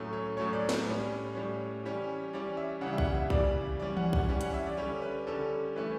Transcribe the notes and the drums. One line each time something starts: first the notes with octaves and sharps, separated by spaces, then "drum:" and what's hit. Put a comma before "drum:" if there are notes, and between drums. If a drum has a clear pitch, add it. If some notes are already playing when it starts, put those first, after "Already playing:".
Already playing: A2 F#3 A3 C#4
C#5
A2 F#3 A3 C#4 C#5
D5
B4, drum: snare
A2 G3 C#4
A2 G3 C#4 C#5
E3 G3 C#4
E3 G3 C#4 D5
E5
C#3 E3 G3 F#5
E5
F#5, drum: kick A#1
E5
C#3 E3 G3 D5, drum: kick A#1
E3 G3 C#4 D5
F#5, drum: tom E3
F#5, drum: kick A#1
E3 G3 C#4
F#5, drum: hi-hat
E5
D5
D3 G3 C#4 C#5
B4
D3 G3 C#4 A4
E3 A3 C#4 B4